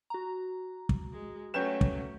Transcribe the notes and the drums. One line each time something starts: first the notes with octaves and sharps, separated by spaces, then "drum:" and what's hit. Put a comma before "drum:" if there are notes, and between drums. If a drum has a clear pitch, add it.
F#4 A#5
drum: kick
G#3
F#3 A3 C#4 B4 G5 G6 E7
drum: kick